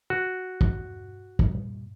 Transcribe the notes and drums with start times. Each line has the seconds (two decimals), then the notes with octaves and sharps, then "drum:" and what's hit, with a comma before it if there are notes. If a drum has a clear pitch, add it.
0.10 F#4
0.61 drum: kick
1.39 A#2 G3, drum: kick